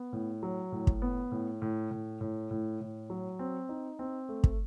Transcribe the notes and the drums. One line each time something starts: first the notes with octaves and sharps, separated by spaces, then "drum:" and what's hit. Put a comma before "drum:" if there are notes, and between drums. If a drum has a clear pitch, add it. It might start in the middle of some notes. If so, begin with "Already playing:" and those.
Already playing: B3
A2
F#3
A2
drum: kick
B3
A2
A2
A2
A2
A2
A2
F#3
C4
D#4
C4
A3
drum: kick